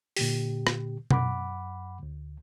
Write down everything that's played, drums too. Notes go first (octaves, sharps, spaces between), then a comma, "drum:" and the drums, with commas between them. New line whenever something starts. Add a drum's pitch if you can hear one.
A#2 D3 G4, drum: open hi-hat
drum: rim click
F#2 F#5 B5 D6, drum: tom B2
D2